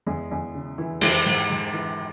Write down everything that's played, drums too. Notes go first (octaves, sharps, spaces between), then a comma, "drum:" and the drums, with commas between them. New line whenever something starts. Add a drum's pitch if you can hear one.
E2 G#3
E2
C#3
E3
E3 G#3, drum: cymbal
G#2
G#2
E3